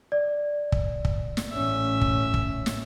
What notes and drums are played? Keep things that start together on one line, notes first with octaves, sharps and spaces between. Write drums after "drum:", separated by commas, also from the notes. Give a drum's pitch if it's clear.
D5
drum: kick
drum: kick
drum: snare
A1 C#4 E5
drum: kick
drum: kick
drum: snare